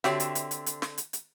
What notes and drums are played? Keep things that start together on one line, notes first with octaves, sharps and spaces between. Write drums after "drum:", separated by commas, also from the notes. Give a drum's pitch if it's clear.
D3 C4 F#4 G4 C#5 E5, drum: snare
drum: hi-hat
drum: hi-hat
drum: hi-hat
drum: hi-hat
drum: snare
drum: hi-hat
drum: hi-hat